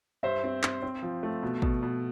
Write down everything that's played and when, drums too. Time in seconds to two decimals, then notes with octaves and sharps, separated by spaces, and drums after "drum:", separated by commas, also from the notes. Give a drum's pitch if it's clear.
0.23 G2 C5 E5
0.44 C4
0.63 C4, drum: clap
0.83 C4
1.03 F3
1.23 A3
1.43 B2
1.62 B2, drum: kick
1.83 B2